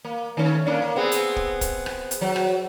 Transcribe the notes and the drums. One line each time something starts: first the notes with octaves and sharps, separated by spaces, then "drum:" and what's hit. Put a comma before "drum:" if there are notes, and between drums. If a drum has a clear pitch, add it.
A#3
D#3 A3 C#4
A#3 C#4 D4
A#3
B3 C4 G#4
drum: hi-hat
drum: kick
drum: kick, hi-hat
drum: rim click
drum: hi-hat
F#3
drum: rim click